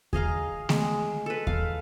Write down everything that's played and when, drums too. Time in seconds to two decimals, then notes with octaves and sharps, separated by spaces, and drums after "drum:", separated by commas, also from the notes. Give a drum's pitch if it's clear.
0.13 G#4 D#5 F5 A#5, drum: kick D#2
0.69 G#3, drum: snare A3
1.26 A4 B4
1.47 F5, drum: kick D#2